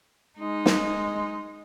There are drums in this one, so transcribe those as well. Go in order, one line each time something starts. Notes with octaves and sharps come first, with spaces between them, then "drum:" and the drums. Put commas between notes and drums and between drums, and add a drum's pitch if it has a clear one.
G#3 D#4
drum: snare